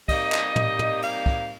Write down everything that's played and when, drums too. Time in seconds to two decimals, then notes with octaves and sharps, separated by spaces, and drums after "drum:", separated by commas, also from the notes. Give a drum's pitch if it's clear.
0.08 C3 G3 A#3 D#4 D#5, drum: kick, cymbal
0.32 drum: clap
0.56 drum: tom
0.79 drum: tom
1.02 F5, drum: cymbal
1.26 drum: kick